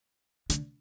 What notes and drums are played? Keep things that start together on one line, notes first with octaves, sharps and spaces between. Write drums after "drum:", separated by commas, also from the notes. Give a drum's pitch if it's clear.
D3, drum: hi-hat